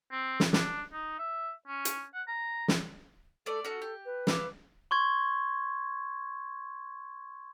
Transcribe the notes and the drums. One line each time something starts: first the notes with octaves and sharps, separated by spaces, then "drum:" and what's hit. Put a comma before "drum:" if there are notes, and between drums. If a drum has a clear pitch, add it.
C4
drum: snare
D4, drum: snare
D#4
E5
C#4
drum: hi-hat
F#5
A#5
drum: snare
A3 A4 D5
C#4 F#4 A4
G4
B4
E4 F5 D6, drum: snare
C6 C#6 G#6